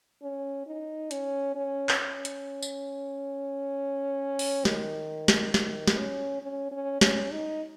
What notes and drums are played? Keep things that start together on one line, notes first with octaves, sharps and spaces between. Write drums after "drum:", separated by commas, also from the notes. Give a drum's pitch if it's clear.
C#4
D#4
C#4, drum: hi-hat
C#4
drum: clap
C#4
drum: hi-hat
drum: tambourine
drum: open hi-hat
D#3, drum: snare
drum: snare
D#3, drum: snare
drum: snare
C#4
C#4
C#4
C#4, drum: snare
D#4